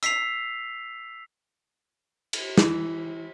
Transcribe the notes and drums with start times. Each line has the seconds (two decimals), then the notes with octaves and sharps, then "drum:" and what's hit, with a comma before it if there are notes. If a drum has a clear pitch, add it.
0.03 E6 B6 C7 F7, drum: hi-hat
2.33 drum: cymbal
2.58 E3, drum: snare